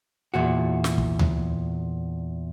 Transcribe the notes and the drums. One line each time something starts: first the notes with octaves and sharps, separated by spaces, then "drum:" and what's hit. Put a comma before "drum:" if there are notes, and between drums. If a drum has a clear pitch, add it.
E2 A#2 F#4
drum: snare
drum: kick
drum: tom D2